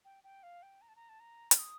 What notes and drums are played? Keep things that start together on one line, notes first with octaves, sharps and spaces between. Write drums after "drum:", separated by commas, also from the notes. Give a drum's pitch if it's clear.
G5
G5
F5
G5
A#5
A5
A#5
A5
A#5
F6, drum: hi-hat
D#6